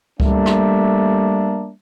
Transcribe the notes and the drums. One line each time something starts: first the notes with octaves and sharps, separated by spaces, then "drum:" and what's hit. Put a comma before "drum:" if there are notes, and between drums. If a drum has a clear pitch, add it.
G3 A3 A#3 D4 E5, drum: kick C#2
drum: rim click